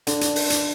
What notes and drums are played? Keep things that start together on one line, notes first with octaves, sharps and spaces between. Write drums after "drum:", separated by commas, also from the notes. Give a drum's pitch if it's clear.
D3, drum: hi-hat
drum: hi-hat
drum: open hi-hat
drum: hi-hat